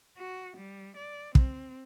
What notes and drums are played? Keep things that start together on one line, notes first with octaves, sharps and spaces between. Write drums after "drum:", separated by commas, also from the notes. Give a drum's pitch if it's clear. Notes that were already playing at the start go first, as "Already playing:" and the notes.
F#4
G3
D5
C4, drum: kick